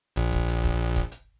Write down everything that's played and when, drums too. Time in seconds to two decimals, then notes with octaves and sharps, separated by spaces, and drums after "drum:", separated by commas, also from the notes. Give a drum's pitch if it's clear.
0.16 A#1, drum: hi-hat
0.32 drum: kick, hi-hat
0.48 drum: hi-hat
0.64 drum: kick, hi-hat
0.96 drum: kick, hi-hat
1.12 drum: hi-hat